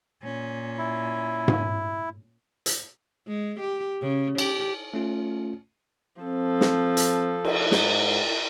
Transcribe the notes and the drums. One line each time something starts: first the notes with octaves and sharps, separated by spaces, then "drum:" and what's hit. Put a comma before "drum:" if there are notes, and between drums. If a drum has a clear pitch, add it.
A#2 C#4
E4
drum: tom G#2
drum: hi-hat
G#3
G4
C#3
G4, drum: cymbal
A3 C#4 F4
F3 C4 A4
drum: snare
drum: hi-hat
drum: cymbal
G#2, drum: snare